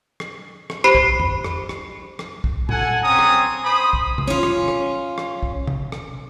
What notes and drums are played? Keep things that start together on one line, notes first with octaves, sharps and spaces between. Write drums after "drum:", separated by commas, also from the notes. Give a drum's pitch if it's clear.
drum: rim click
drum: rim click
G4 C5 B5 C7
drum: kick
drum: tom F2
drum: rim click
drum: rim click
drum: rim click
drum: kick
A4 F#5 G#5, drum: tom A#2
C4 C#4 G#5 A#5 D#6
drum: rim click
C5 B5 D#6
drum: kick
drum: tom C3
C#4 F4
drum: rim click
drum: rim click
drum: rim click
drum: kick
drum: tom C3
drum: rim click